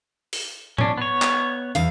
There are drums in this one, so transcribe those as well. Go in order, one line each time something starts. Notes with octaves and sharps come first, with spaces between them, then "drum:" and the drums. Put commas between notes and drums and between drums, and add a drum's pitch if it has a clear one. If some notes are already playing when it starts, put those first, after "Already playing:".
drum: open hi-hat
C#4 D4, drum: tom A2
B3 C#5
drum: clap
E2 F5